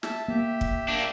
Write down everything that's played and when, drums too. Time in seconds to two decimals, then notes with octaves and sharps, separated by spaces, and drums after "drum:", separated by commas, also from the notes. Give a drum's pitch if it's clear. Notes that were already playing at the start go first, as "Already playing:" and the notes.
0.03 E5 A5, drum: snare
0.28 A#3 G4 E5
0.61 drum: kick
0.88 A#3 D4